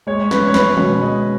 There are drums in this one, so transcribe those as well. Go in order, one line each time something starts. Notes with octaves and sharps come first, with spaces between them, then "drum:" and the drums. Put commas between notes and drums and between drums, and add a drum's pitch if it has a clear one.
G#3 C#5
C#4 B4, drum: snare
C#5
C#4 B4, drum: snare
B2 C#5, drum: tom
G#3 D#5